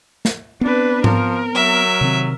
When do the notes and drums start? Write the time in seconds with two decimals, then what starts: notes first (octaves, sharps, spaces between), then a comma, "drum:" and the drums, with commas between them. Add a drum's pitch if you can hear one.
0.25 drum: snare
0.61 B3 C4 D4 B4
1.04 F3 A#4, drum: tom G#2
1.55 F#3 E5
2.01 C3 D#3 C4